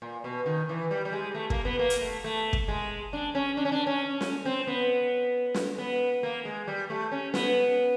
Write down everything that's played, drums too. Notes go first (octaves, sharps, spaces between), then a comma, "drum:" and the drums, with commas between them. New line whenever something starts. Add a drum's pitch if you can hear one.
A#2
B2
D#3
E3
G3
G3
G#3
A3
A#3, drum: kick
B3
A#3
drum: hi-hat
A3
A3
drum: kick
G#3
D4
C#4
D4
C#4
D4
C#4
drum: snare
C4
B3
drum: snare
B3
A#3
G#3
G3
A3
C#4
B3, drum: snare